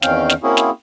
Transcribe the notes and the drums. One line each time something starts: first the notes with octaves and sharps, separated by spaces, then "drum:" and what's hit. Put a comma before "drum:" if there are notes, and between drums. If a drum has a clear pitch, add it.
E2 D#3 C4 C#4 F5 G5, drum: snare
drum: snare
A#3 C4 C#4 E4 F#4 G#4
drum: snare